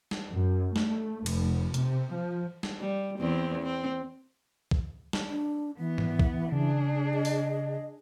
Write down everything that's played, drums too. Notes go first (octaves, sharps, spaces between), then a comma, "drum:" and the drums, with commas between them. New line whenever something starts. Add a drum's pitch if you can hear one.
drum: snare
F#2
A3, drum: snare
F1, drum: cymbal
C3, drum: hi-hat
F3
drum: snare
G3
E2 C4
C4
drum: kick B1
drum: snare
D4
E3 B3
drum: tom G#2
drum: kick B1
C#3 D4 G#4
D#5
drum: open hi-hat